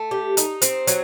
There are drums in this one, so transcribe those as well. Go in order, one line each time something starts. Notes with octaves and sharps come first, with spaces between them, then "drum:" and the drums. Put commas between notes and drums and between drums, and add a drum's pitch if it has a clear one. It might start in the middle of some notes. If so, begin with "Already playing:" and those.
Already playing: A3
G4
D#4, drum: hi-hat
C4, drum: hi-hat
F#3, drum: hi-hat